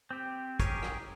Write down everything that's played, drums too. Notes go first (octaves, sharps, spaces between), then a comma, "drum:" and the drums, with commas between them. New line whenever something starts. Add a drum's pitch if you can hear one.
C4 G4
C#4 G4 G#4 A#4 C#5, drum: kick, hi-hat
drum: rim click